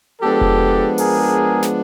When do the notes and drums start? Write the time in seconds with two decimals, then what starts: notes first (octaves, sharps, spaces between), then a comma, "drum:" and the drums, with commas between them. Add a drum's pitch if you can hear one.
0.22 F3 G#3 B3 D4 G4 A4
0.41 drum: kick F1
0.98 G#4 A#4, drum: open hi-hat
1.63 drum: snare